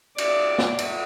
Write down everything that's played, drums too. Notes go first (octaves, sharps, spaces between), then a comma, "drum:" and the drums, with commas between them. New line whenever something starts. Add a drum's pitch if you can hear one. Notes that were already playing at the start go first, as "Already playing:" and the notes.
D5, drum: cymbal
drum: snare
drum: cymbal